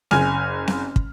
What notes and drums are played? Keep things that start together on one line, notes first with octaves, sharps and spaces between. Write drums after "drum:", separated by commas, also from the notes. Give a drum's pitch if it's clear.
F#1 G#5 F6, drum: snare C4
drum: snare C4
drum: kick